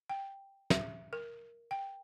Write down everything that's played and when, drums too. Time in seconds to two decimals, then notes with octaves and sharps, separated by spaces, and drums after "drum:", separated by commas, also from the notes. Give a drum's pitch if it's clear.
0.09 G5
0.70 E5, drum: snare
1.13 A#4
1.71 G5